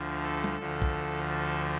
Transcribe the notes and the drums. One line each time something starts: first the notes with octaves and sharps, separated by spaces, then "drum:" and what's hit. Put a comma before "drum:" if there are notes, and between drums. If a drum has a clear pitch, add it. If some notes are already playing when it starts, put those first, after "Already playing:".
Already playing: D2 D3 F3
A4
drum: tom G3
D2 D3 F3
drum: kick B1
A4